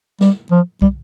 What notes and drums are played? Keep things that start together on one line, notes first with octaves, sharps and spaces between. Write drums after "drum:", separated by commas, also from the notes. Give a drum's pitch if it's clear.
G3, drum: snare
F3
G3, drum: kick